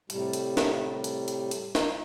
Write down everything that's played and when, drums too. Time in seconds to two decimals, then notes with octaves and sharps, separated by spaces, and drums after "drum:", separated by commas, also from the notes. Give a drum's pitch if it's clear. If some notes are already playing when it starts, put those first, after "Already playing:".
0.10 A2 C3 G3, drum: hi-hat
0.33 drum: hi-hat
0.57 drum: snare
1.04 drum: hi-hat
1.28 drum: hi-hat
1.51 drum: hi-hat
1.75 drum: snare